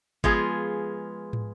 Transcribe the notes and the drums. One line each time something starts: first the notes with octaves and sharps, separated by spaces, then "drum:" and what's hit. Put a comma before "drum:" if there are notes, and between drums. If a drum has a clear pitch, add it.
F3 G#3 B3 F4 G#4, drum: kick G#1
drum: tom